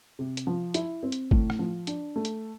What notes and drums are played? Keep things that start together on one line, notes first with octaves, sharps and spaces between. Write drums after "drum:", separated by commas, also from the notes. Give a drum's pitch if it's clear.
C3
drum: hi-hat
F3
E4, drum: hi-hat
C4
drum: hi-hat
A2, drum: kick
drum: rim click
F3
D4, drum: hi-hat
A3
drum: hi-hat